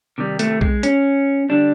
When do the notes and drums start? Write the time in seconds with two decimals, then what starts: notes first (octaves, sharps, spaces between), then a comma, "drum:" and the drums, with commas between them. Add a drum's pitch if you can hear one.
0.18 C3 D#3 G3
0.39 A3, drum: hi-hat
0.61 G#3, drum: kick
0.83 C#4, drum: hi-hat
1.49 D3 G3 D4